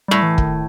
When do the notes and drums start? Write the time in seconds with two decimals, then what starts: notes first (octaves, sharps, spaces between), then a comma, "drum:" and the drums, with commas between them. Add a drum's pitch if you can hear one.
0.08 A2 G3
0.23 E3
0.38 D#3, drum: kick